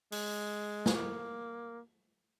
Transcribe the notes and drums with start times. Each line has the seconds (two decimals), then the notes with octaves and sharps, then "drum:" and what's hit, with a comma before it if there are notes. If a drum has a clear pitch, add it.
0.12 G#3, drum: open hi-hat
0.86 drum: snare
0.95 A#3